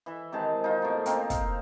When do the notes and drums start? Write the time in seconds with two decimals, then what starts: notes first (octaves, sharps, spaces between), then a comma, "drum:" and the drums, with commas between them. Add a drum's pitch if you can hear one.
0.06 E3 E5
0.32 C3 D#3 G#3 A5
0.64 D#4 F4
0.82 B2 A3 C6
1.06 A#3 C4 D#4 A#4, drum: hi-hat
1.30 F5, drum: kick, hi-hat